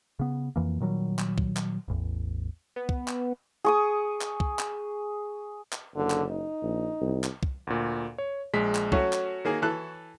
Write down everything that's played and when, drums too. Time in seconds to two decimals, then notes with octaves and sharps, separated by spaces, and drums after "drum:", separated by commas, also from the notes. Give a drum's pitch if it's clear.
0.19 C#3 B3
0.56 F2 E3 A#3
0.80 A#2 D#3 F#3 G3
1.19 drum: clap
1.38 drum: kick
1.57 drum: clap
1.88 D1 A1 E2
2.76 B3
2.89 drum: kick
3.08 drum: clap
3.64 G#4 C#6 D#6
4.21 drum: clap
4.40 drum: kick
4.59 drum: clap
5.72 drum: clap
5.96 F#1 D3
6.10 drum: clap
6.31 D#4
6.63 A#1
7.01 C2
7.24 drum: clap
7.43 drum: kick
7.67 D2 A#2
8.18 C#5
8.54 A#1 G#3 B6
8.75 drum: clap
8.92 F#3 A3 C#4 F#4 C#5, drum: kick
9.13 drum: clap
9.45 D#3 A#3 G#4
9.62 E3 A4 F#6